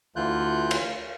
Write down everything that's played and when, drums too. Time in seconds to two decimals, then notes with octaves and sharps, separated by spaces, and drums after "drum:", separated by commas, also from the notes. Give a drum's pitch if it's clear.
0.16 D2 D3 E3 F4 F#6 G6
0.71 drum: cymbal